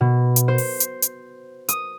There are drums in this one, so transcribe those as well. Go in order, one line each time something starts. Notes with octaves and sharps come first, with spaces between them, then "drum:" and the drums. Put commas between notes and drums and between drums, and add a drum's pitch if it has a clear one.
B2
drum: hi-hat
C5
drum: open hi-hat
drum: hi-hat
drum: hi-hat
D#6, drum: hi-hat